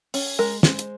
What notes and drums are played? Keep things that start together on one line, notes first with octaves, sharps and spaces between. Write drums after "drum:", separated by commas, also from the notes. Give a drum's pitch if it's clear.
C#4, drum: open hi-hat
G#3 A#4
G#3 C5, drum: snare
drum: hi-hat